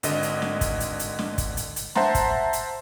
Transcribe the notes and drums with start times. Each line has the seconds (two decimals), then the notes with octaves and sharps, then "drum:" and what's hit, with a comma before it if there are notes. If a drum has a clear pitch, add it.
0.03 G#1 D3 D#5, drum: hi-hat
0.23 drum: hi-hat
0.42 drum: snare
0.61 drum: kick, hi-hat
0.80 drum: hi-hat
0.99 drum: hi-hat
1.19 drum: snare
1.38 drum: kick, hi-hat
1.57 drum: hi-hat
1.76 drum: hi-hat
1.95 C5 E5 F#5 A5 A#5 C6, drum: snare
2.15 drum: kick, hi-hat
2.53 drum: hi-hat